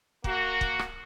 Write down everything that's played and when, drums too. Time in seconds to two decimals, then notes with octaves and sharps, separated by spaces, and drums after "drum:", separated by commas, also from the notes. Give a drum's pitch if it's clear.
0.24 A#3 F#4, drum: kick
0.61 drum: kick
0.79 drum: rim click